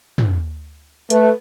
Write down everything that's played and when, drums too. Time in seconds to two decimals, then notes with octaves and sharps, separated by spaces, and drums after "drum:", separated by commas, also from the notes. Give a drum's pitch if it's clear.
0.18 drum: tom
1.10 A3 B4, drum: hi-hat